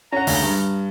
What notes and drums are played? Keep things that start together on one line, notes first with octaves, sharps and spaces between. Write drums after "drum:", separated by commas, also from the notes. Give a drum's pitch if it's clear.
C#4 F#5 A#5
D2 C#3, drum: open hi-hat
G2